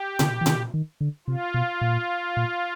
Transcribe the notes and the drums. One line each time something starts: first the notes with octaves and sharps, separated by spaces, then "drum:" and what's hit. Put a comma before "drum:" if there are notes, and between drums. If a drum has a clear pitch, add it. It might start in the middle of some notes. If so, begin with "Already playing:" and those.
Already playing: G4
D3, drum: tom A#2
E3
D#3, drum: tom A#2
D#3
D3
C3 F4
B2
A#2
A#2